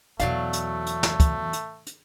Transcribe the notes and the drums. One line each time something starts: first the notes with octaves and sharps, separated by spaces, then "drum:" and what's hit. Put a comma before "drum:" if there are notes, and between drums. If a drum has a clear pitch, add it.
E2 B2 F#3 A3 D5 F5, drum: hi-hat
drum: hi-hat
drum: hi-hat
drum: snare
drum: kick, hi-hat
drum: hi-hat
drum: hi-hat